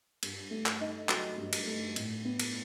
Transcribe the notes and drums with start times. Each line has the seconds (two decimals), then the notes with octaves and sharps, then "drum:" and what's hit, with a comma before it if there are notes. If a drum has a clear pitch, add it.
0.23 G2, drum: cymbal
0.51 A3
0.66 drum: clap
0.80 D#4
1.09 F#3, drum: clap
1.38 G2
1.53 drum: cymbal
1.67 A3
1.96 A2, drum: cymbal
2.25 B3
2.40 drum: cymbal